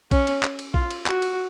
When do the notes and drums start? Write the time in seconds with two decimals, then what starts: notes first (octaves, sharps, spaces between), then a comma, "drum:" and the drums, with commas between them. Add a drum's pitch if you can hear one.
0.11 C#4, drum: kick A#1, cymbal
0.27 drum: cymbal
0.43 drum: clap
0.59 drum: cymbal
0.74 F4, drum: kick A#1
0.91 drum: cymbal
1.06 F#4, drum: clap
1.22 drum: cymbal